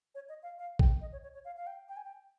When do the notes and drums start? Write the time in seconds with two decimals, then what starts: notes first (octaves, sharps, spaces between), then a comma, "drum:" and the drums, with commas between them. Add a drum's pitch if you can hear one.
0.15 C#5
0.29 D#5
0.43 F5
0.58 F5
0.79 G5, drum: kick A#1
1.01 D#5
1.12 C#5
1.23 C#5
1.34 C#5
1.45 F5
1.56 F5
1.67 G5
1.89 G5
1.96 G#5
2.04 G5